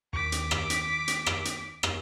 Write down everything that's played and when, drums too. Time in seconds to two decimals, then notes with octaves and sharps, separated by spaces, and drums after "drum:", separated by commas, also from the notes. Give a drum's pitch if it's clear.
0.13 D#2 D6 B6
0.32 drum: hi-hat
0.51 drum: rim click
0.70 drum: hi-hat
1.08 drum: hi-hat
1.26 drum: rim click
1.45 drum: hi-hat
1.83 drum: rim click